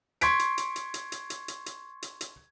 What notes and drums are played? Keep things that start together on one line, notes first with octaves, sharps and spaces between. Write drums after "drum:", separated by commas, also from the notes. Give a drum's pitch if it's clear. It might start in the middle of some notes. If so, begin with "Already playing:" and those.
C6 C#6 G#6 B6 D7, drum: hi-hat
drum: hi-hat
drum: hi-hat
drum: hi-hat
drum: hi-hat
drum: hi-hat
drum: hi-hat
drum: hi-hat
drum: hi-hat
drum: hi-hat
drum: hi-hat